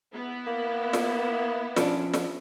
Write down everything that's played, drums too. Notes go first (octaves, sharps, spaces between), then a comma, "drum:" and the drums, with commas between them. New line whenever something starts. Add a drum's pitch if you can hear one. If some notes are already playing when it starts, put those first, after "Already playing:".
B3 E4
A#3
drum: snare
F3 C#4 D4, drum: snare
drum: snare